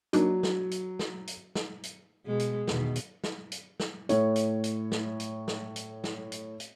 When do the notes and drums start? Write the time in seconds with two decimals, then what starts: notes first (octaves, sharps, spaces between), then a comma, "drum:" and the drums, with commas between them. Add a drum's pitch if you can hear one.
0.13 F#3 A#3 D4 D#4, drum: hi-hat
0.43 drum: snare
0.71 drum: hi-hat
0.99 drum: snare
1.27 drum: hi-hat
1.55 drum: snare
1.83 drum: hi-hat
2.26 B2 G#3
2.39 drum: hi-hat
2.68 E2 B2 D#3, drum: snare
2.96 drum: hi-hat
3.24 drum: snare
3.52 drum: hi-hat
3.80 drum: snare
4.09 A2 C#5, drum: hi-hat
4.36 drum: hi-hat
4.64 drum: hi-hat
4.92 drum: snare
5.20 drum: hi-hat
5.48 drum: snare
5.76 drum: hi-hat
6.04 drum: snare
6.32 drum: hi-hat
6.60 drum: hi-hat